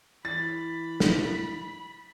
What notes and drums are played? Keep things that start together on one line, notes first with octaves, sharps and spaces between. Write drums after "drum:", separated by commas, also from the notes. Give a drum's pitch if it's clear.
E3 B5 A6
drum: snare